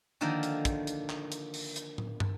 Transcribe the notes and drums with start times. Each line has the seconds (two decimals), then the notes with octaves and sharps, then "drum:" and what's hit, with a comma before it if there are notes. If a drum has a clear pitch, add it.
0.21 D3 D#3 F3 A#3
0.43 drum: hi-hat
0.65 drum: kick, hi-hat
0.87 drum: hi-hat
1.09 drum: clap
1.32 drum: hi-hat
1.54 drum: open hi-hat
1.76 drum: hi-hat
1.98 drum: tom
2.20 drum: tom